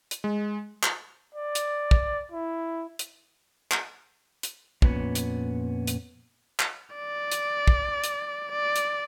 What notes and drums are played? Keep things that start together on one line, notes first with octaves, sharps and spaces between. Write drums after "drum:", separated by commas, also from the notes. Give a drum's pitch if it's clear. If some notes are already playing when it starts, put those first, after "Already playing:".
drum: hi-hat
G#3
drum: clap
D5
drum: hi-hat
drum: kick
E4
drum: hi-hat
drum: clap
drum: hi-hat
F2 A#2 A#3 B3 C#4, drum: kick
drum: hi-hat
drum: hi-hat
drum: clap
D5
drum: hi-hat
drum: kick
drum: hi-hat
D5
drum: hi-hat